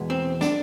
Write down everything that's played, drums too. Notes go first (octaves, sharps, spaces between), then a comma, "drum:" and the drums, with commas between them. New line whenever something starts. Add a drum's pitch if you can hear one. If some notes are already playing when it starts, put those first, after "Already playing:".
Already playing: E2 B2 G#3 B3
C4
D4, drum: snare